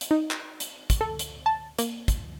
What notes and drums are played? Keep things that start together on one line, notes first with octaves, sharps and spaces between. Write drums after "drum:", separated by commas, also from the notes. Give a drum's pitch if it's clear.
drum: hi-hat
D#4
drum: clap
drum: hi-hat
drum: kick, hi-hat
A4
drum: hi-hat
A5
A#3, drum: hi-hat
drum: kick, hi-hat